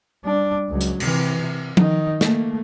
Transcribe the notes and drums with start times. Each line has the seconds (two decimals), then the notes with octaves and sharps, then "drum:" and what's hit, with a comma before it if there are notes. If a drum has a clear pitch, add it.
0.25 G3 D4
0.69 C#2 F#3
0.81 drum: hi-hat
1.00 C3 E3, drum: cymbal
1.40 C3
1.77 D#3 D#4, drum: tom F3
2.21 A3 A#3, drum: snare